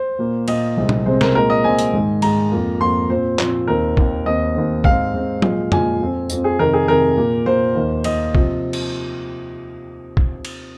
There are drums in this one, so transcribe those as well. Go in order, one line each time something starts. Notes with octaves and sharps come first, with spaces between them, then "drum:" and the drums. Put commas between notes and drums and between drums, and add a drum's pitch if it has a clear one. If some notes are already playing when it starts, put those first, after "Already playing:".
Already playing: C5
A#2 A#3
A#2 A#3 D#5, drum: cymbal
C2 C3 G#3 C4
drum: tom
C2 C3 G#3 C4 C5
A#4, drum: snare
A#2 G#3 C4 A#4
D#5
A#2 G#3 C4 G#5
drum: hi-hat
G#2 D#3 G#3
G#2 D#3 G#3 A#5, drum: cymbal
F2 F3 A#3
F2 F3 A#3 C6
A#2 F3 C4 C5
A#2 F3 C4, drum: clap
D#2 D#3 C4 A#4
D#2 D#3 C4, drum: kick
D#2 D#3 C4 D#5
D#2 D#3 C4
G#2 G#3 C4 F5, drum: kick
G#2 G#3 C4
A#2 F3 G#3, drum: tom F#3
A#2 F3 G#3 G#5, drum: tom
F2 F3 C4
F2 F3 C4, drum: tambourine
G#4
F2 C3 D#3 A#4
G#4
F2 C3 D#3 A#4
A#2 A#3
A#2 A#3 C5
D#2 D#3 A#3
D#2 D#3 A#3 D#5, drum: cymbal
C3 F3 C4, drum: kick
drum: cymbal
drum: kick
drum: cymbal